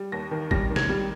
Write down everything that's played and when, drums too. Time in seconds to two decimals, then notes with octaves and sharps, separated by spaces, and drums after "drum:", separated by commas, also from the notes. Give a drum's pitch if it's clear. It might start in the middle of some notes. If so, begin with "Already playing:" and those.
Already playing: G3
0.12 D#2 A#6
0.31 D#3
0.51 G3 A#6, drum: kick G#1
0.70 D#3
0.76 G#6, drum: snare
0.89 G3